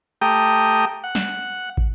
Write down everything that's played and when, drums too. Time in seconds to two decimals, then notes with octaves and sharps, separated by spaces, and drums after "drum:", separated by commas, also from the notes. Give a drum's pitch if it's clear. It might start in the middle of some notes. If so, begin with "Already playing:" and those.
0.21 A3 G4 G5 A#5 D#6
1.04 F#5
1.15 drum: snare
1.77 drum: kick